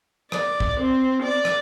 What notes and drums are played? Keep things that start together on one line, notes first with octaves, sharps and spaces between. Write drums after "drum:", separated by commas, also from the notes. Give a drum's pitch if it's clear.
D5, drum: rim click
drum: kick
C4
D5
drum: rim click